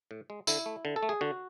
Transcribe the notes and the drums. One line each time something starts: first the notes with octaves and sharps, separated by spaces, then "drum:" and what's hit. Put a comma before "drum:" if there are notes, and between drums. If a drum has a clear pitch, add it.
A2
G#3
D3 E4, drum: tambourine
A3
D3
A4
A3
G#4
D3 F#4